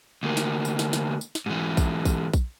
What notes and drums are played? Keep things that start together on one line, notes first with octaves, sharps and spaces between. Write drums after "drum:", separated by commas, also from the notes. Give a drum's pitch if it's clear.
D2 A#3
drum: snare
drum: tambourine
drum: snare
drum: snare
drum: tambourine
drum: snare
G#2 E3
drum: kick A#1, tambourine
drum: kick A#1, tambourine
drum: kick A#1, tambourine